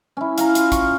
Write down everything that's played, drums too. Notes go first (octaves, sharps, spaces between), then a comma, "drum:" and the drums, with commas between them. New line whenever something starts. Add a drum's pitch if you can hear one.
C#4 E4
F5 A#5, drum: hi-hat
F4, drum: hi-hat
C#6, drum: kick A1, hi-hat